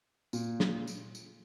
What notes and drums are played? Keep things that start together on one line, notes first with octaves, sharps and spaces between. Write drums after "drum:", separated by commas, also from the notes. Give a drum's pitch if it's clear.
A#2, drum: tambourine
drum: snare
drum: tambourine
drum: tambourine